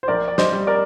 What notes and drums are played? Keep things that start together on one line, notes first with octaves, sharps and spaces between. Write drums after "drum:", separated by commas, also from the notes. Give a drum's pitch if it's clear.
C5
A#1 A#4 D5
D5
C5 D#5, drum: snare
G3
A#4 D5